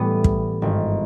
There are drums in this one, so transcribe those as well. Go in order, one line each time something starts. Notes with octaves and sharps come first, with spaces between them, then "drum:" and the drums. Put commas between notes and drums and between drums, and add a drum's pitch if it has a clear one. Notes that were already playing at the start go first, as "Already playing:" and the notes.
Already playing: A2 E3 G3 B3
drum: kick
G#1 G2 D#3